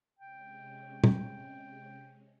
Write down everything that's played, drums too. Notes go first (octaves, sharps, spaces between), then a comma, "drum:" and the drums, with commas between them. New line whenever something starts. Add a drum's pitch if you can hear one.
C3 G#3 C#4 G5
drum: tom A#2